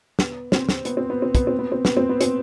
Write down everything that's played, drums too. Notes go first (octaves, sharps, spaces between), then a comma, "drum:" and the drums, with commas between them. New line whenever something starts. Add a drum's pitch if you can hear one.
B3, drum: snare
C4, drum: snare
drum: snare
B3, drum: hi-hat
C4
B3
C4
B3, drum: kick, hi-hat
C4
B3
C4
B3, drum: snare
C4
B3
C4, drum: hi-hat